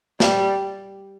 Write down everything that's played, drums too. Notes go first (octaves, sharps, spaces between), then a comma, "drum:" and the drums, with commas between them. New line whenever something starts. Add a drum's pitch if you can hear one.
G3, drum: snare